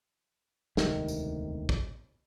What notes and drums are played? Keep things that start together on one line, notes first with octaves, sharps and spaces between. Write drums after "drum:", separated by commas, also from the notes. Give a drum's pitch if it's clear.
E1 D2 C3 D#3, drum: snare
drum: tambourine
drum: kick